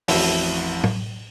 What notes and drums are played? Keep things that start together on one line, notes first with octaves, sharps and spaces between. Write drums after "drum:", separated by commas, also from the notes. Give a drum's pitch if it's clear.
A1 F2 E4 F#4, drum: open hi-hat
drum: tom